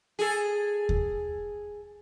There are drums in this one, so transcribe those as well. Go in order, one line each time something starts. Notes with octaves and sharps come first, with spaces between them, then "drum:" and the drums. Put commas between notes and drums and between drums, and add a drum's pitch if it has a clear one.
G#4 A4
drum: kick D#2